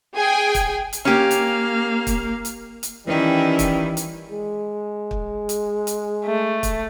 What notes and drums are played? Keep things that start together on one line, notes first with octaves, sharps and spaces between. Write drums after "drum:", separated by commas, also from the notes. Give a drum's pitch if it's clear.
G#4 G5 G#5
drum: kick, hi-hat
drum: hi-hat
A#3 C#4 G4 F5
drum: hi-hat
drum: kick, hi-hat
drum: hi-hat
drum: hi-hat
D#3 E3 G3 C#4 E4
drum: kick, hi-hat
drum: hi-hat
G#3
drum: kick
drum: hi-hat
drum: hi-hat
A3
drum: kick, hi-hat